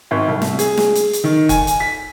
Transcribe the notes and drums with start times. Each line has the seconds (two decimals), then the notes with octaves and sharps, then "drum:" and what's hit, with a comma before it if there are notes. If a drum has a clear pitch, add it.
0.11 G#1
0.28 C2
0.42 drum: snare
0.59 G#4, drum: hi-hat
0.77 drum: snare
0.95 drum: hi-hat
1.13 drum: hi-hat
1.24 D#3
1.49 G#5, drum: kick, hi-hat
1.67 drum: hi-hat
1.80 B6